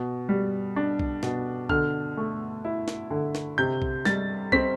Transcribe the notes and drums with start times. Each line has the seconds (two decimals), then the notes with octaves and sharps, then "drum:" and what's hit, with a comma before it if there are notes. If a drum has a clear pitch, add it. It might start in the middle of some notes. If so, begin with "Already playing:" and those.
Already playing: B2
0.29 G3
0.76 D4
0.99 drum: kick B1
1.23 B2, drum: snare
1.69 D3 F6, drum: kick B1
2.17 A3
2.65 E4
2.88 drum: snare
3.11 D3
3.35 drum: snare
3.58 C3 G6
3.82 drum: kick B1
4.05 G3 A6, drum: snare
4.52 C4 B6, drum: kick B1